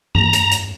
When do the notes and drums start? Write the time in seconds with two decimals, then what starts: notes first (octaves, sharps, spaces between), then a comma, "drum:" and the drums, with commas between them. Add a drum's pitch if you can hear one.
0.15 A#5, drum: tom G2
0.33 drum: hi-hat
0.51 drum: hi-hat